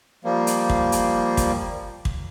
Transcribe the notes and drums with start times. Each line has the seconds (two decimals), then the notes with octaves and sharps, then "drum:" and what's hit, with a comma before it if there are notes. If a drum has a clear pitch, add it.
0.24 F3 G3 A#3
0.47 drum: hi-hat
0.69 drum: kick
0.92 drum: hi-hat
1.37 drum: kick, hi-hat
2.05 drum: kick